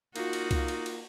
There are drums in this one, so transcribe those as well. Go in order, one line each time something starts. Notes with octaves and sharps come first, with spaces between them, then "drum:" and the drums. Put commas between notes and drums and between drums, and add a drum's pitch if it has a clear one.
A#3 D#4 F4 F#4, drum: cymbal
drum: cymbal
drum: kick C2, cymbal
drum: cymbal
drum: cymbal